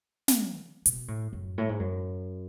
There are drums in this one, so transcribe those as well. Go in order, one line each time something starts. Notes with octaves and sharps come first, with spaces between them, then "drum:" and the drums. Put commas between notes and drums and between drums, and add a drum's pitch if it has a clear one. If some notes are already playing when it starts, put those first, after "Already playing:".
drum: snare
B2, drum: hi-hat
A2
F#2
A2
G#2
F#2